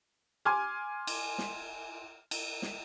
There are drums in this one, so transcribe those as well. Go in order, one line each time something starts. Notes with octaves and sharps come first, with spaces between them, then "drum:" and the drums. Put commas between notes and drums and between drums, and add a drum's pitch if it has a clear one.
G#5 C6 D6 F6 G#6
drum: cymbal
drum: snare
drum: cymbal
drum: snare